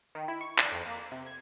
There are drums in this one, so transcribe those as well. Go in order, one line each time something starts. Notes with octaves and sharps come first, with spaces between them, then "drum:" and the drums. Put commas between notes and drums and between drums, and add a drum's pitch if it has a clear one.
D#3
E4
C#6
D5, drum: clap
F2
A#3
C3
G#6